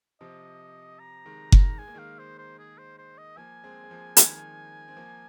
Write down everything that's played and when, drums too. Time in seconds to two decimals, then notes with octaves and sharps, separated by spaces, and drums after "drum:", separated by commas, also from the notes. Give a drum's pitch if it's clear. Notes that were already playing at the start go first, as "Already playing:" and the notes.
0.21 C3 F3 D#5
1.00 A#5
1.26 D#3 G#3
1.52 D#3, drum: kick F#1
1.79 G#3 G#5
1.88 A#3
1.94 D#3 G#3 F5
2.19 C5
2.39 C5
2.59 G#4
2.78 C5
2.99 C5
3.18 D#5
3.37 F3 A#3 G#5
3.64 G#3 C4
3.84 G#3
3.90 F3 A#3
4.17 D#3 G#3, drum: hi-hat
4.88 C4
4.96 F3 A#3